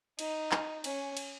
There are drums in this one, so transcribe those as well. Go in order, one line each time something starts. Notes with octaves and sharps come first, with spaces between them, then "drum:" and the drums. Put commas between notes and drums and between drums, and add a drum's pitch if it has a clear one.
D#4, drum: cymbal
drum: clap
C#4, drum: cymbal
drum: cymbal